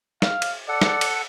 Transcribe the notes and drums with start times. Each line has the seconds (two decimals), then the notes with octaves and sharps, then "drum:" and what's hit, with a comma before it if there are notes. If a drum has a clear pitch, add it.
0.22 F5, drum: snare
0.42 drum: cymbal
0.69 A4 D5 F#5
0.82 drum: snare
1.01 drum: cymbal